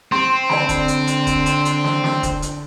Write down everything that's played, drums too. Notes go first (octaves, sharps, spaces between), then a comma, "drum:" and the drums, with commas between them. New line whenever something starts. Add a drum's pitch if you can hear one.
C4 C6
D3 D5 A5 B5, drum: snare
drum: kick E1, hi-hat
drum: hi-hat
drum: hi-hat
drum: kick E1, hi-hat
drum: hi-hat
drum: hi-hat
drum: snare
drum: snare
drum: kick E1, hi-hat
drum: hi-hat